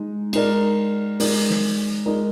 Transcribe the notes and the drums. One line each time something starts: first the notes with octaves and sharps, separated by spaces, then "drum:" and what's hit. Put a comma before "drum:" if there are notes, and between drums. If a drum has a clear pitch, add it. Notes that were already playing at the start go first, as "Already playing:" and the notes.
Already playing: G#3 D#4
G#3 D#4 A#4 D5, drum: cymbal
G#3 D#4 A#4 D5, drum: open hi-hat
drum: snare
G#3 D#4 A#4 D5